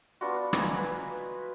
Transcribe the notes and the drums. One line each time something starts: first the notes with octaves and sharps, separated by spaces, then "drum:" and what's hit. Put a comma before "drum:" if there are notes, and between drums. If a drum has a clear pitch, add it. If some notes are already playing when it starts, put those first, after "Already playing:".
B3 D4 F4 F#4
D#5 G#5 A#5, drum: rim click
B4